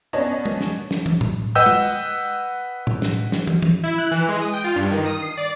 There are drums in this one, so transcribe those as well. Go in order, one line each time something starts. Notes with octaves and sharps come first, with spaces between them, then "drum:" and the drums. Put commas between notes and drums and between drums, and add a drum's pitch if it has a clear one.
B3 C#4 D4 C#5 D#5 A5
drum: tom
drum: snare
drum: snare
drum: tom
drum: tom A2
B4 D#5 F#5 G5 E6 G6
drum: tom
drum: tom A2
drum: snare
drum: snare
drum: tom
drum: tom
E4
F#6
E3
G#3
D#6
G5
F4
G2
D#3
D#6
C7
D5